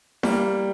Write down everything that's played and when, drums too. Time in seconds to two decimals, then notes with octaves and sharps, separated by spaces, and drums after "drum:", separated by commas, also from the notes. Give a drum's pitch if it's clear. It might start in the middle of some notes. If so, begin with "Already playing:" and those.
0.23 G3 A#3, drum: snare E4